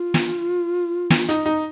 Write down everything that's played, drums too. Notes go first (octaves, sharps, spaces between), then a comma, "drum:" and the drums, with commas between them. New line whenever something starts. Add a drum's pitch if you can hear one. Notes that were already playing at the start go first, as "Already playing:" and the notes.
Already playing: F4
drum: snare
drum: snare
D#4, drum: hi-hat
D#4